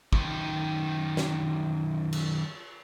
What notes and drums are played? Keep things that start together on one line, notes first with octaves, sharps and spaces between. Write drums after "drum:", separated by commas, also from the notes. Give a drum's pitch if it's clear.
F#2 D#3, drum: kick
drum: snare
drum: cymbal